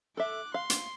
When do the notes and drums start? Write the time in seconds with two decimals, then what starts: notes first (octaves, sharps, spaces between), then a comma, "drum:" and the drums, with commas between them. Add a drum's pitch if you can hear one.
0.17 A4 E5 D6 F#6
0.54 F5 C6
0.70 drum: hi-hat